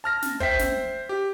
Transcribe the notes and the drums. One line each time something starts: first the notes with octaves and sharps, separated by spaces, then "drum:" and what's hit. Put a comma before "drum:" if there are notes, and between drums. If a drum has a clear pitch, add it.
A5 F6 A#6
drum: snare
C5 E5 G5 B6, drum: kick
drum: snare
G4